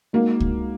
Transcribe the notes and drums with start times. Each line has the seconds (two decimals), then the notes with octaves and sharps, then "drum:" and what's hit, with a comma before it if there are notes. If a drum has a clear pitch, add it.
0.13 G#3 A#3 D#4 F#4
0.40 drum: kick C#2